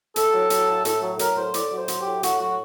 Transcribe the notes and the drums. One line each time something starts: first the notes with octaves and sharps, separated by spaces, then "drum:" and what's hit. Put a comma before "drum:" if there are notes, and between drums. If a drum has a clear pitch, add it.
A2 A4, drum: hi-hat
F#3
F#3, drum: hi-hat
A2
A2 A4, drum: hi-hat
F#3
F#3 A#4, drum: hi-hat
A2 C5
A2 D5, drum: hi-hat
F#3
C5
F#3, drum: hi-hat
G4
A2
A2 F#4, drum: hi-hat
F#3 F#4